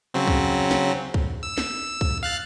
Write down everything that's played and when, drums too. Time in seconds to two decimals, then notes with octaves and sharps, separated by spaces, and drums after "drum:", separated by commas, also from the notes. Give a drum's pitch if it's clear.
0.14 C#3 F#3 C4
0.27 drum: kick C2
0.71 drum: snare
1.14 drum: kick C2
1.43 E6
1.58 drum: snare
2.01 drum: kick C2
2.23 F5 F#6 A6